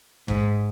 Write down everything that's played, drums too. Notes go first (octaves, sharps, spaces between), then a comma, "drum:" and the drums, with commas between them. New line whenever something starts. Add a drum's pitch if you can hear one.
G#2, drum: kick